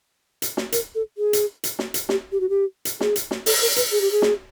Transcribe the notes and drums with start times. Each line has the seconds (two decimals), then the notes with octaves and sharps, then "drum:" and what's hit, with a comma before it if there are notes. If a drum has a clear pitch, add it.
0.42 drum: hi-hat
0.57 drum: snare
0.72 A#4, drum: hi-hat
0.95 A4
1.18 G#4
1.33 drum: hi-hat
1.64 drum: hi-hat
1.79 drum: snare
1.94 drum: hi-hat
2.09 G4, drum: snare
2.32 G4
2.40 F#4
2.49 G4
2.85 drum: hi-hat
3.01 G#4, drum: snare
3.16 drum: hi-hat
3.31 drum: snare
3.46 A4, drum: open hi-hat
3.62 A#4
3.76 B4, drum: hi-hat
3.92 G#4
4.01 G4
4.11 G#4
4.22 drum: snare